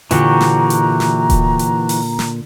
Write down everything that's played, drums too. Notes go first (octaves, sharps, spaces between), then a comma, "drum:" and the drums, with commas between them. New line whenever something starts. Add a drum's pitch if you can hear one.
A#2 D3 E3 F#4 G4 A#5 C#6, drum: hi-hat
drum: snare
drum: hi-hat
drum: snare
drum: kick D#1, hi-hat
drum: hi-hat
drum: open hi-hat
drum: snare